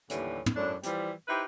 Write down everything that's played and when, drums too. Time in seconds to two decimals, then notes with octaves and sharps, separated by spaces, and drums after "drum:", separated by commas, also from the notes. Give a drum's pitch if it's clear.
0.10 D#2 A2 D3 E3 G3, drum: hi-hat
0.46 drum: tom
0.56 F#2 A2 D4
0.83 E3 F3 G3, drum: hi-hat
1.28 D#4 E4 G4 B4 C5